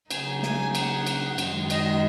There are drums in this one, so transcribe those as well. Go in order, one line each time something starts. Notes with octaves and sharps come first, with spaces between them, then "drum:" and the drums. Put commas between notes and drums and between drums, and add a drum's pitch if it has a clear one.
C#3 F#3 A#3 D#4 G#5, drum: cymbal
G#5, drum: snare
F#5, drum: cymbal
drum: cymbal
F#2 D#3 G#3, drum: cymbal
D#5, drum: cymbal